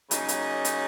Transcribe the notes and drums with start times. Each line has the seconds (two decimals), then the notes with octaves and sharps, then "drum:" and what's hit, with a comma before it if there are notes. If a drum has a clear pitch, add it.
0.11 C#3 F#3 A#3 D#4, drum: hi-hat
0.28 drum: hi-hat
0.65 drum: hi-hat